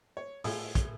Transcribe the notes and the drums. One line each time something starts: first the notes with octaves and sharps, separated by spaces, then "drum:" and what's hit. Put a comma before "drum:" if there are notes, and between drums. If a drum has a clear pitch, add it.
C#5
A2 F4 G#4 A4 D#6, drum: open hi-hat
drum: kick, hi-hat